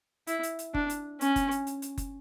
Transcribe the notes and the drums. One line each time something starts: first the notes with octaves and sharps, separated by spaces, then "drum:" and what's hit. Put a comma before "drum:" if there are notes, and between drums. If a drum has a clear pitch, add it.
E4, drum: hi-hat
drum: hi-hat
drum: hi-hat
D4, drum: kick F#1
drum: hi-hat
C#4, drum: hi-hat
drum: kick F#1, hi-hat
drum: hi-hat
drum: hi-hat
drum: hi-hat
drum: kick F#1, hi-hat